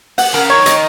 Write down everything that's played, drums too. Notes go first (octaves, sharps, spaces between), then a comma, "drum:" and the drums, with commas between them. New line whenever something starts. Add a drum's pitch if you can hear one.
F#5, drum: open hi-hat
C#3 A#4
D#3 C#5
D#3 D#5, drum: hi-hat